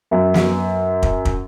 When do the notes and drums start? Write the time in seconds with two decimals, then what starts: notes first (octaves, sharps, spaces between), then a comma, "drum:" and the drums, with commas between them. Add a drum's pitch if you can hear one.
0.11 F#2
0.34 drum: snare
1.03 drum: kick
1.25 drum: kick